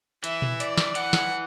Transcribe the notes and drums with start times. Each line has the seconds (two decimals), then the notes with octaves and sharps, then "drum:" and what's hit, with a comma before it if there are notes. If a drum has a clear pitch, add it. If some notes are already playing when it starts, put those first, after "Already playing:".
0.24 E3 E5, drum: hi-hat
0.42 drum: tom A#2
0.60 D5, drum: hi-hat
0.78 drum: snare
0.95 E3 F#5, drum: hi-hat
1.13 drum: snare